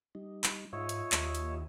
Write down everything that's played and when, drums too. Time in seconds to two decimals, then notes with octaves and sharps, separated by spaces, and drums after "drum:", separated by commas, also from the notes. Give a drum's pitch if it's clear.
0.15 G3 D#4
0.44 drum: clap
0.73 G#2 F4 C#5 D#5 E5
0.89 drum: hi-hat
1.12 D#2, drum: clap
1.35 drum: hi-hat